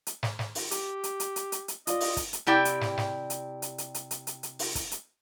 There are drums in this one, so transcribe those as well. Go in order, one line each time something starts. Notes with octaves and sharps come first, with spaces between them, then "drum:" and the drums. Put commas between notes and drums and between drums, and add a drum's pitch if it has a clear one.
drum: hi-hat
drum: snare
drum: snare
drum: open hi-hat
G4, drum: hi-hat
drum: hi-hat
drum: hi-hat
drum: hi-hat
drum: hi-hat
drum: hi-hat
F4 D5 D#5, drum: hi-hat
drum: open hi-hat
drum: kick, hi-hat
drum: hi-hat
C3 E4 G4 D5 G5
drum: hi-hat
drum: snare
drum: snare
drum: hi-hat
drum: hi-hat
drum: hi-hat
drum: hi-hat
drum: hi-hat
drum: hi-hat
drum: hi-hat
drum: open hi-hat
drum: kick, hi-hat
drum: hi-hat